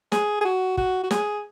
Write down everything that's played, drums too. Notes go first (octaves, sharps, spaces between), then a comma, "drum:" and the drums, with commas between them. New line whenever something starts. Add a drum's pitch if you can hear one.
G#4, drum: snare
G#4
F#4
F#4, drum: kick
F#4
G#4, drum: snare